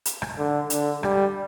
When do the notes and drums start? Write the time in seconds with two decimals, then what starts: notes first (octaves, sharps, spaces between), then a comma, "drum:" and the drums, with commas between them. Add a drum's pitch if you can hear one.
0.05 drum: hi-hat
0.22 drum: rim click
0.38 D3
0.70 D3, drum: hi-hat
1.03 G3, drum: rim click